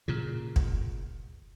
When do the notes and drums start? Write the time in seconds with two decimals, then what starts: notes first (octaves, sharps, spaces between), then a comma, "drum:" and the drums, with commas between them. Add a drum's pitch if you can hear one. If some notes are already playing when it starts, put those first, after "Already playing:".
0.08 A#2 C#3
0.56 drum: kick